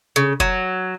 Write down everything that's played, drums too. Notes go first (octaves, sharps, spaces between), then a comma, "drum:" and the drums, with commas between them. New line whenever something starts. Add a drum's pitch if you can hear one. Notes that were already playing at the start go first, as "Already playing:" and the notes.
C#3
F#3, drum: kick F1